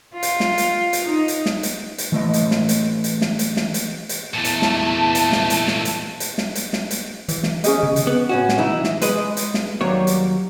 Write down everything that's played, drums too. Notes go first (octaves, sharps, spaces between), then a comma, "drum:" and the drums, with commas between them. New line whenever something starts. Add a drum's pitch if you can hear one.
F4
drum: hi-hat
drum: snare
drum: hi-hat
drum: hi-hat
D#4
drum: hi-hat
drum: snare
drum: hi-hat
drum: hi-hat
E3 A3 D#5
drum: hi-hat
drum: snare
drum: hi-hat
drum: hi-hat
drum: snare
drum: hi-hat
drum: snare
drum: hi-hat
drum: hi-hat
E2 A#2 A3 A5
drum: hi-hat
drum: snare
drum: hi-hat
drum: snare
drum: hi-hat
drum: snare
drum: hi-hat
drum: hi-hat
drum: snare
drum: hi-hat
drum: snare
drum: hi-hat
E3, drum: hi-hat
drum: snare
C#4 G#4 D#5, drum: hi-hat
C#3
drum: hi-hat
B3
A2 C#4 F#4
drum: snare
E3 D#4 E4
drum: snare
G#3 B4 D#5, drum: hi-hat
drum: hi-hat
drum: snare
D#2 F#3 G3 A#3 C#5
drum: hi-hat